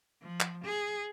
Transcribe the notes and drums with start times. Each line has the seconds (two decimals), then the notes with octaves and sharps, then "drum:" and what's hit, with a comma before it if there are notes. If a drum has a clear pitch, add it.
0.22 F3
0.40 drum: clap
0.65 G#4